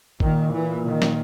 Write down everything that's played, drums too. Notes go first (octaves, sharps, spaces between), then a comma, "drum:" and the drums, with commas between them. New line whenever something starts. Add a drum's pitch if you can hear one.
A#2 D#3, drum: kick G1
E3
D#3
drum: snare